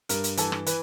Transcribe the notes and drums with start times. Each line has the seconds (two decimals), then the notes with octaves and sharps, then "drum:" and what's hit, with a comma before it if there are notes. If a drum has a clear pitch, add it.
0.09 G2 A#4, drum: hi-hat
0.24 drum: hi-hat
0.37 E3 A4, drum: hi-hat
0.52 drum: rim click
0.66 E3 B4, drum: hi-hat